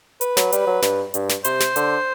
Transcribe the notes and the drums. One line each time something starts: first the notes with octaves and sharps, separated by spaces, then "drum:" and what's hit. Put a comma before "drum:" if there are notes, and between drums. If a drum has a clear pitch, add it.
B4, drum: hi-hat
F#3, drum: snare
G3, drum: hi-hat
F#3
G2, drum: snare
G2, drum: hi-hat
drum: snare
C3 C5, drum: hi-hat
drum: snare
D3, drum: hi-hat